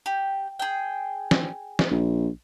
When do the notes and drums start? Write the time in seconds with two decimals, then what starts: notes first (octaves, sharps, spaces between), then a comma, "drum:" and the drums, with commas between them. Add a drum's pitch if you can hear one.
0.06 G4
0.59 G#4 G5
1.31 drum: snare
1.79 drum: snare
1.91 A#1